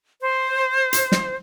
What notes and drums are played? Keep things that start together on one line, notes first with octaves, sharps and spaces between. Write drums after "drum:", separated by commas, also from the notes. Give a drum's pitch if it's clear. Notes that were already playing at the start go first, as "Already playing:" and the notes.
C5
drum: hi-hat
drum: snare